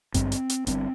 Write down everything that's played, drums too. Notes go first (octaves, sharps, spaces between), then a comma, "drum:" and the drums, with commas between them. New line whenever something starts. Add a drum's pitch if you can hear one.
G1 G2 C4, drum: kick G#1, hi-hat
drum: hi-hat
drum: hi-hat
G1 G2 C4, drum: hi-hat